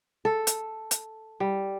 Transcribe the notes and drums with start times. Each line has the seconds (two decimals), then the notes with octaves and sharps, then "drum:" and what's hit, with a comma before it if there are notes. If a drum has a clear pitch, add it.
0.25 A4
0.47 drum: hi-hat
0.91 drum: hi-hat
1.40 G3